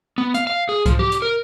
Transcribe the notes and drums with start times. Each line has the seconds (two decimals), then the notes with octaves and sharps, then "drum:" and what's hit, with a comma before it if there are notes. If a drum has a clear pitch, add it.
0.18 B3
0.34 F5, drum: hi-hat
0.47 F5
0.69 G#4
0.86 F3, drum: kick C2, hi-hat
0.99 G4
1.12 drum: hi-hat
1.22 A#4